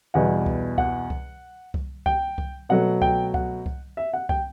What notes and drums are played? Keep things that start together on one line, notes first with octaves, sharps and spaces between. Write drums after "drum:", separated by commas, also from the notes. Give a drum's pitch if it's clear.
E2 B2 G3 F#5
drum: kick C2
F#5, drum: kick C2
drum: kick C2
drum: kick C2
G5, drum: kick C2
drum: kick C2
B2 F#3 A3 F#5
G5, drum: kick C2
F#5, drum: kick C2
drum: kick C2
E5
F#5
G5, drum: kick C2